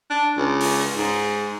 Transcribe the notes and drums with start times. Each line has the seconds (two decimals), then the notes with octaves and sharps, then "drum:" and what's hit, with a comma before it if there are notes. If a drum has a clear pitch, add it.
0.10 D4
0.37 C#2
0.60 drum: open hi-hat
0.95 G#2